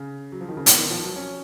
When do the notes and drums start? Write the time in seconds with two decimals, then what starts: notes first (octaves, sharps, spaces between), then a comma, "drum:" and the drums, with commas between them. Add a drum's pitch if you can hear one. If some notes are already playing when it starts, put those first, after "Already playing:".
Already playing: C#3
0.32 F#3
0.41 F3
0.49 D#3
0.57 C#3
0.66 B2, drum: hi-hat
0.78 D#3
0.90 F3
1.04 F#3
1.16 C#4